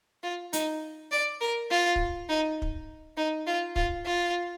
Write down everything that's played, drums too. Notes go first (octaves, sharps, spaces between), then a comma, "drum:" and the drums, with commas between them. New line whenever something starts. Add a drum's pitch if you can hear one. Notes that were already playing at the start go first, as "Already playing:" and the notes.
F4
D#4, drum: hi-hat
D5
A#4
F4
drum: kick
D#4
drum: kick
D#4
F4
F4, drum: kick
F4